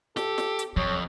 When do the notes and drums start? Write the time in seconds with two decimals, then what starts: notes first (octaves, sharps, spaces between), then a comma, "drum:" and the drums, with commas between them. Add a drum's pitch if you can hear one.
0.17 G4 A4, drum: snare
0.38 drum: snare
0.59 drum: hi-hat
0.77 F2 F#3 C#5